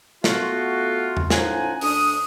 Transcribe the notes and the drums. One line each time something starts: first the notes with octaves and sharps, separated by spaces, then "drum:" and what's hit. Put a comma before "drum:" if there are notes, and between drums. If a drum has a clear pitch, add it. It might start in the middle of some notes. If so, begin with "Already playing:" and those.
A3 B3 F4 F#4, drum: snare
drum: tom E2
A2 F3 C#4 D#4 F#5 G#5, drum: snare
D2 D4 D#6, drum: open hi-hat